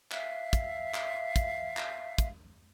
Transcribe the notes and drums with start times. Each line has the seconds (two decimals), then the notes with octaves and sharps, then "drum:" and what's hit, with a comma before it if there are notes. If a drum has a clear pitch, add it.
0.12 E5 F5, drum: clap
0.53 drum: kick, hi-hat
0.94 drum: clap
1.36 drum: kick, hi-hat
1.77 drum: clap
2.18 drum: kick, hi-hat